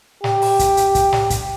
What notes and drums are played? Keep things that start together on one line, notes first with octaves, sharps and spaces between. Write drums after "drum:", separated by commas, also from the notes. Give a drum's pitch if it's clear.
G4, drum: snare
drum: open hi-hat
drum: kick, hi-hat
drum: hi-hat
drum: kick, hi-hat
drum: snare
drum: kick, hi-hat